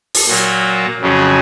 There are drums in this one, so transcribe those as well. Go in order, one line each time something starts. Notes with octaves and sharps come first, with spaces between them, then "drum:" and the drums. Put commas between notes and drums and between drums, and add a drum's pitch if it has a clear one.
drum: open hi-hat
A#2 F#3 A#3
F2 C#3 F#3 C#4 G#4